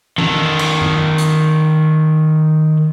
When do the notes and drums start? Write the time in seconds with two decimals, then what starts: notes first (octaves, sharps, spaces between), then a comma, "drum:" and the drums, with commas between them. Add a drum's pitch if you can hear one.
0.18 D#3 A4, drum: tom E3
0.59 drum: cymbal
0.81 drum: tom G2
1.18 drum: hi-hat